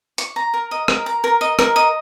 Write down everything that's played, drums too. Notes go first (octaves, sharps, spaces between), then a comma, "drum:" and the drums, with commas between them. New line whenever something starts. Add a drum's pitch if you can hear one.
C#6, drum: hi-hat
A#5
A#4
D#5
A#4, drum: rim click
A#5
A#4
D#5
A#4, drum: rim click
D#5